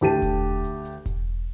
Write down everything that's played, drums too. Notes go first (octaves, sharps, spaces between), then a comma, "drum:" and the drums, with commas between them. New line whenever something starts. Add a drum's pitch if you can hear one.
D2 G4 A5 D#7, drum: hi-hat
drum: kick E1, hi-hat
drum: hi-hat
drum: hi-hat
drum: kick E1, hi-hat